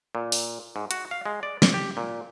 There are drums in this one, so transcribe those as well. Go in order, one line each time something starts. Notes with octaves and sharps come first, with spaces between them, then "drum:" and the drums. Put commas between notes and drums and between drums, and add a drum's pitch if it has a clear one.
A#2
drum: open hi-hat
G#2
F#4, drum: hi-hat
F5
G#3
D5
D5, drum: snare
G4
A#2